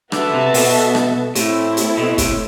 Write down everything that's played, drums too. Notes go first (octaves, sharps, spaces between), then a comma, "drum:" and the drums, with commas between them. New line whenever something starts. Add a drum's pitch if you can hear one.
D3 B3 F#4 A4 E5 A5, drum: rim click
C3
B2, drum: open hi-hat
drum: rim click
A2 C4 E4 A4, drum: hi-hat
drum: hi-hat
B2
A2, drum: kick, hi-hat